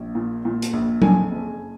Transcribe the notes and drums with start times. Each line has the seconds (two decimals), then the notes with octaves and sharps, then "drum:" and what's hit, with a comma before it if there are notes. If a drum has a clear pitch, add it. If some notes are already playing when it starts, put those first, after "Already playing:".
Already playing: A#1
0.15 A#2
0.45 A#2
0.62 drum: hi-hat
0.73 A#1
1.02 F2 G#5, drum: tom F#3
1.31 F#1